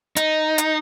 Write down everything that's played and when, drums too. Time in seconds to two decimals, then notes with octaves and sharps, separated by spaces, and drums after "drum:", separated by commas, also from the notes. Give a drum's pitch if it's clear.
0.16 D#4, drum: hi-hat
0.58 drum: hi-hat